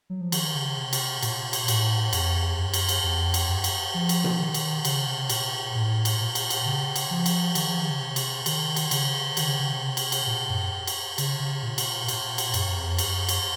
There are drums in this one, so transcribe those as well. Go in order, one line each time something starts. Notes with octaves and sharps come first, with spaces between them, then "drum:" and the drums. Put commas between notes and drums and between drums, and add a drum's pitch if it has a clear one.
F#3
F3
D#3, drum: cymbal
C#3
C3
drum: cymbal
A#2, drum: cymbal
drum: cymbal
A2, drum: cymbal
F2, drum: cymbal
F#2
drum: cymbal
drum: cymbal
F2
drum: cymbal
F#2
drum: cymbal
F3
drum: cymbal
drum: tom B2
D#3
drum: cymbal
C#3, drum: cymbal
C3
A#2, drum: cymbal
A2
drum: cymbal
A#2
drum: cymbal
drum: cymbal
C#3
drum: cymbal
F3
drum: cymbal
D#3, drum: cymbal
F3
D#3
C#3
C3
drum: cymbal
D#3, drum: cymbal
drum: cymbal
C#3, drum: cymbal
D#3, drum: cymbal
C#3
C#3
C3
drum: cymbal
drum: cymbal
A#2
F#2
drum: cymbal
C#3, drum: cymbal
C#3
A#2
drum: cymbal
A#2, drum: cymbal
drum: cymbal
F#2, drum: cymbal
F2
F#2, drum: cymbal
drum: cymbal